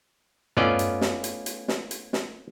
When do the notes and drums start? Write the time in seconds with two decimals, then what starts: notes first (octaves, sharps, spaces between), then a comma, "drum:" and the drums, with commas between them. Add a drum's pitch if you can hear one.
0.57 A3 B3 C#4 F4 D5 D#5, drum: tom
0.79 drum: hi-hat
1.01 drum: snare
1.24 drum: hi-hat
1.46 drum: hi-hat
1.68 drum: snare
1.91 drum: hi-hat
2.13 drum: snare